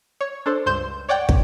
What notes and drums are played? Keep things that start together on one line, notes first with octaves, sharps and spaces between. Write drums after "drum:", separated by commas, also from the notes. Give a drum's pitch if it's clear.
C#5
D4 A4 C5
C#2 G2 C5 C6 G6 E7
C#5 D5 F#5 G5
drum: kick